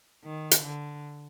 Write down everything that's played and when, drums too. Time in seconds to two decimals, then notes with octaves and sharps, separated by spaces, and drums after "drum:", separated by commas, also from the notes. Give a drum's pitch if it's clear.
0.25 D#3
0.51 drum: hi-hat
0.63 D3